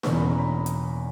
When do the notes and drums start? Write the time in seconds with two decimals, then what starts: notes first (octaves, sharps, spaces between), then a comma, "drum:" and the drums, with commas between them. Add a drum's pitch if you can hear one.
0.03 E2 B2 A#3 C#4 C#6, drum: snare D4
0.16 B5
0.27 A#5
0.38 B5
0.66 drum: hi-hat